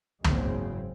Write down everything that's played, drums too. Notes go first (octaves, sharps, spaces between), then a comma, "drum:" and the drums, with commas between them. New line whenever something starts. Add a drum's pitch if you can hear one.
F#1 E2 G#2 C#3 C4, drum: tom